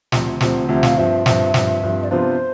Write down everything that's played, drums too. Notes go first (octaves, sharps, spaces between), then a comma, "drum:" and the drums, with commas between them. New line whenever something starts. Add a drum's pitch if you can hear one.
D2 C3 F3 C4, drum: snare
D2 C3 F3 C4, drum: snare
D2 C3 F3 C4 E5
F5, drum: snare
G2 F3 C4 E5
G2 F3 C4, drum: snare
G2 F3 C4, drum: snare
G2 F3 C4
D5
C3 F3 B3 D4 F4 C5